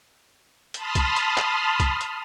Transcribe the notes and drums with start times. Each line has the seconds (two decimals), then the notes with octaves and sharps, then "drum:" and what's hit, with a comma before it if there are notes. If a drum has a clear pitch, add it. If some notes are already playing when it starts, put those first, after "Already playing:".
0.74 A5 B5 C6 D#6 F6, drum: hi-hat
0.95 drum: kick, hi-hat
1.16 drum: hi-hat
1.37 drum: clap
1.80 drum: kick, hi-hat
2.01 drum: hi-hat